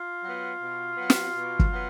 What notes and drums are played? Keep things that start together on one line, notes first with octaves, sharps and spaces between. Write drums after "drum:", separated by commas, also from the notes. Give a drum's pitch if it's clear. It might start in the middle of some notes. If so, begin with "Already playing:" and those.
Already playing: F4
F#3 B3
B2
F#3 B3
drum: snare
B2
drum: kick
F#3 B3